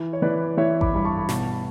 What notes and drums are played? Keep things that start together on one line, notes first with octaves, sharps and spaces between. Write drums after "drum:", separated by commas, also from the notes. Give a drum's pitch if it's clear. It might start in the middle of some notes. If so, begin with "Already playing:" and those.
Already playing: E3
C#5
E3 B4 D5
E3 C#5 E5
B5 D6, drum: kick A1
G2 B5
A5 C#6
B5
B2 A5 C#6, drum: snare